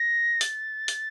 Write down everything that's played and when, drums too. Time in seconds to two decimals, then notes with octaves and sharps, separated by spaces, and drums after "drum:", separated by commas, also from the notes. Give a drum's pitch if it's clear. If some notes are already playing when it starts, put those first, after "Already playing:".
Already playing: A#6
0.41 A6, drum: hi-hat
0.88 drum: hi-hat